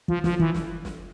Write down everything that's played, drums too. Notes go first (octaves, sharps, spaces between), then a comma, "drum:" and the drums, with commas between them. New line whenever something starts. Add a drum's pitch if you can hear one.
F3, drum: kick
F3, drum: snare
E3, drum: kick
drum: snare
drum: snare